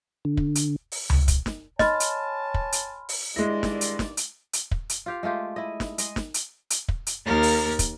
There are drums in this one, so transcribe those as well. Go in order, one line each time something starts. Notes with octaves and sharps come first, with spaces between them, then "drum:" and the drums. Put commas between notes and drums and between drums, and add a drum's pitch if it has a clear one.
D3
drum: kick
drum: hi-hat
drum: open hi-hat
drum: tom C#2
drum: kick, hi-hat
drum: snare
C#5 D#5 G#5 A5 B5 C6 F6, drum: snare
drum: hi-hat
drum: kick
drum: hi-hat
drum: open hi-hat
G2 D#3 G#3 E4 D5 A#6
drum: snare
drum: hi-hat
drum: snare
drum: hi-hat
drum: hi-hat
drum: kick
drum: hi-hat
F4 G4 F5
G#3 A3 F4 G4
E4 D#5
drum: snare
G#3 D#5, drum: hi-hat
drum: snare
drum: hi-hat
drum: hi-hat
drum: kick
drum: hi-hat
D#2 A#3 A#4 A6
drum: open hi-hat
drum: kick, hi-hat